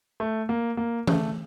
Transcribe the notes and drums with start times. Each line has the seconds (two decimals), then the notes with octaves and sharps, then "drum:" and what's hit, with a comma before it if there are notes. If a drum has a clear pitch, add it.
0.20 A3
0.49 A#3
0.77 A#3
1.07 A3, drum: tom E3